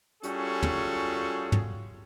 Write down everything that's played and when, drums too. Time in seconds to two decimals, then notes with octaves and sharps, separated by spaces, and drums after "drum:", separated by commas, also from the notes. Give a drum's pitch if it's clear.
0.23 G3 C#4 F4 F#4 G#4 A4, drum: hi-hat
0.63 drum: tom
1.52 drum: tom